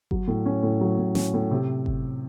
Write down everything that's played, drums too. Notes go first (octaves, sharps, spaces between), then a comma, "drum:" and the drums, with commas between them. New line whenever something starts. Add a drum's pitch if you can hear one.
F#3, drum: kick G1
A2
C#4
A2
F#3
A2
C#4, drum: snare
A2
C3
drum: kick G1